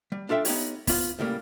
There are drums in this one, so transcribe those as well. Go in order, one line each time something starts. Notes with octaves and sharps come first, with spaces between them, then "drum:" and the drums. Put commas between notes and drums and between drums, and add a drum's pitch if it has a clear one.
G3
D4 F4 A4 E5 G5
B3 D#4 G4 C#5, drum: open hi-hat
B3 F4, drum: kick, open hi-hat
A2 C#3 G3 A#3